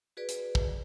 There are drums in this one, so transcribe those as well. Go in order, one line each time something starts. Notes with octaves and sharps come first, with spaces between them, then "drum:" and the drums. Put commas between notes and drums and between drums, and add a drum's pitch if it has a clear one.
F#4 G#4 B4 D5
drum: hi-hat
drum: kick